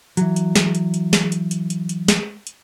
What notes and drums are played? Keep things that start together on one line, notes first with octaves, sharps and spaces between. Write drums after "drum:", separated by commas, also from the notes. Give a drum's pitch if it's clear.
E3 F#3, drum: hi-hat
drum: hi-hat
drum: snare
drum: hi-hat
drum: hi-hat
drum: snare
drum: hi-hat
drum: hi-hat
drum: hi-hat
drum: hi-hat
drum: snare
drum: hi-hat